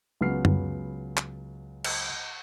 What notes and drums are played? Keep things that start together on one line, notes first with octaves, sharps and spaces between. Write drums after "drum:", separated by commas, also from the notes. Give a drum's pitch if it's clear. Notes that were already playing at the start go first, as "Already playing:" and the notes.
C#2 F#3 B3 C#4 F6 C7
drum: tom
drum: clap
drum: cymbal